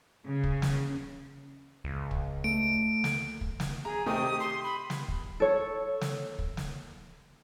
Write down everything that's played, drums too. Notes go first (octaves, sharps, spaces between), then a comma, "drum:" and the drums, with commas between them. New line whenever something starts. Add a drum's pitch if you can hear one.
C#3
drum: kick
drum: snare
C#2
drum: kick
A3 D7
drum: snare
drum: kick
drum: snare
G#4 A#5
C3 D#3 A3 D#6
G4
C6
B5
drum: snare
drum: kick
A4 C#5
drum: snare
drum: kick
drum: snare